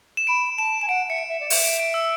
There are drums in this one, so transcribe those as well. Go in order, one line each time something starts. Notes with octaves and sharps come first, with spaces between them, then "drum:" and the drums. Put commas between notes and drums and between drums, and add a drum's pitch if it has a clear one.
E7
B5 D7
A5 E7
G#5 E7
F#5 D7
E5 C#7
D7
E5
D5
E5, drum: open hi-hat
D7
D7
E6